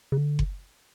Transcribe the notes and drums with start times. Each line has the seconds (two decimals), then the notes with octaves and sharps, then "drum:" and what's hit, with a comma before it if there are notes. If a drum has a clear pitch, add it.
0.12 C#3
0.17 D3
0.39 drum: kick F#1